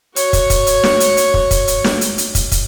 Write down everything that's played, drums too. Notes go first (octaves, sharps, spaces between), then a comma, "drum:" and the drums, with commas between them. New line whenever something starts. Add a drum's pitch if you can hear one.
F#4 C#5, drum: hi-hat
drum: kick, hi-hat
drum: kick, hi-hat
drum: hi-hat
drum: snare
drum: hi-hat
drum: hi-hat
drum: kick
drum: kick, hi-hat
drum: hi-hat
drum: snare
drum: hi-hat
drum: hi-hat
drum: kick, hi-hat
drum: kick, hi-hat